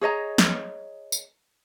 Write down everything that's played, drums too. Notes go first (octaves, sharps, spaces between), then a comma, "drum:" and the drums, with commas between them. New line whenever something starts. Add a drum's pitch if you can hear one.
G#4 C#5 D#5 A#5
drum: snare
drum: tambourine